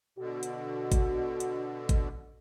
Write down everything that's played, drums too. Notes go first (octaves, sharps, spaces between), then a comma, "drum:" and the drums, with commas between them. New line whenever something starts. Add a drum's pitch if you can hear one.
B2 D3 F#4
drum: hi-hat
drum: kick G#1, hi-hat
drum: hi-hat
drum: kick G#1, hi-hat